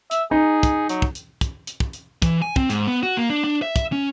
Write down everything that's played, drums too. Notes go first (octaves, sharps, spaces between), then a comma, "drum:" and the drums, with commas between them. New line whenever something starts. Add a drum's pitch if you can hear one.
E5, drum: hi-hat
D#4 G#4
drum: kick, hi-hat
F#3, drum: hi-hat
drum: kick
drum: hi-hat
drum: kick, hi-hat
drum: hi-hat
drum: kick
drum: hi-hat
E3, drum: kick, hi-hat
G#5
C4, drum: kick
G#2, drum: hi-hat
B3
F#4
A#3
D4
D4
E5
drum: kick, hi-hat
C#4